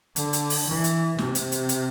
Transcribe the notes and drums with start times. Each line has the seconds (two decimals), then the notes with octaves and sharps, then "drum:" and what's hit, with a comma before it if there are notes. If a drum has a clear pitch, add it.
0.16 D3, drum: hi-hat
0.33 drum: hi-hat
0.50 drum: open hi-hat
0.67 E3
0.84 drum: hi-hat
1.18 C3, drum: snare
1.35 drum: hi-hat
1.52 drum: hi-hat
1.69 drum: hi-hat